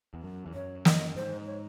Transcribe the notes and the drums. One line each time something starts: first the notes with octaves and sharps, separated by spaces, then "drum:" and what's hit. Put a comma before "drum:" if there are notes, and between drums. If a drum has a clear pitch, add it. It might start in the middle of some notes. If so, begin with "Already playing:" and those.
E2
F#2
E2
F#2 C#5
D#5, drum: snare
G#2 C5
C#5